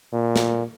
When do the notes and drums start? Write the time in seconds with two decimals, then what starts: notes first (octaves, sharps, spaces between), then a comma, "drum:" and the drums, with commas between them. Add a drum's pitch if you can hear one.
0.12 A#2
0.36 drum: snare